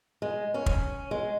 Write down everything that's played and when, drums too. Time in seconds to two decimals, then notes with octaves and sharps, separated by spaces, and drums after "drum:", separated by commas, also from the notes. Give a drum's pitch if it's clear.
0.22 G#3
0.54 C#4
0.66 drum: kick
1.11 G#3